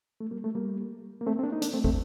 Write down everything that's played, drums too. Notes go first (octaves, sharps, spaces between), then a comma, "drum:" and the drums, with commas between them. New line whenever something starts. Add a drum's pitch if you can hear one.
A3
G3 A#3
A3
G3 A#3
A#3
A3 C4
C4
A#3 D4
D#4
A#3 D4, drum: hi-hat
A3 C4
A3 C4, drum: kick